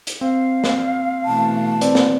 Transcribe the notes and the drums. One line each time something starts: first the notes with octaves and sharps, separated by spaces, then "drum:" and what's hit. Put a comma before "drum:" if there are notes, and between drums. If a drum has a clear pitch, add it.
drum: hi-hat
C4 F5
drum: snare
B2 E3 A3 A5
C4 B4 D5, drum: hi-hat
drum: snare